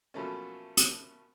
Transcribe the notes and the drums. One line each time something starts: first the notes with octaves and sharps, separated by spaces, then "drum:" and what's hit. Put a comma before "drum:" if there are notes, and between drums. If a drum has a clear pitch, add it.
B2 F3 F#3 A3 A#3 C#4
drum: hi-hat